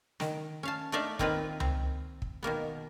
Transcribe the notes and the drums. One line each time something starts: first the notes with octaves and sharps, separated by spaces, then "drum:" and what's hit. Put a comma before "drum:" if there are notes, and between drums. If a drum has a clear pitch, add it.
D#3, drum: snare
C#4 F5 A5
A3 D4 D#4 D5 E5 F5
D#3 A#3 C4 D#4 F4 B4, drum: kick
C4, drum: tom C#2
drum: kick
B2 D#3 A#3 B3